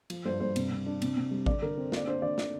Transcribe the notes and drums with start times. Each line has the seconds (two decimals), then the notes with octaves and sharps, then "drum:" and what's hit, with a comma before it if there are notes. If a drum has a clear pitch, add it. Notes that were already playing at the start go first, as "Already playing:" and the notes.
0.10 F3, drum: cymbal
0.25 G2 C5
0.40 G2 C5
0.56 C3, drum: cymbal
0.71 C3
0.86 D4
1.02 C3, drum: cymbal
1.17 C3
1.31 G3
1.46 D3 D5, drum: kick A1
1.62 D3 A#4
1.78 C4
1.92 A#3 D5, drum: snare
2.07 D4 C5
2.22 D3 D5
2.38 drum: snare